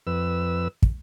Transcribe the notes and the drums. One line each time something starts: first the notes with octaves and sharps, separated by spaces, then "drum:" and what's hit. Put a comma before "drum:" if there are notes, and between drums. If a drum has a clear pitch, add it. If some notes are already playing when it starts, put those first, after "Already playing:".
F2 B4 E6
drum: kick